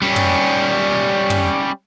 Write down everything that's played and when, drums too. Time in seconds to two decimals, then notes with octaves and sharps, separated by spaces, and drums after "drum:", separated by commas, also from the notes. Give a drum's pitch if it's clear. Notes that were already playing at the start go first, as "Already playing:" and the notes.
0.02 G3 C#4
0.16 drum: tom
1.30 drum: tom